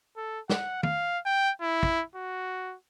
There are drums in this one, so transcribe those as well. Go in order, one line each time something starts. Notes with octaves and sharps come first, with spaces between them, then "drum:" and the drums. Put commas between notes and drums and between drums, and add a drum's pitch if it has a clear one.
A4
F#5, drum: snare
F5, drum: tom
G5
E4
drum: kick
F#4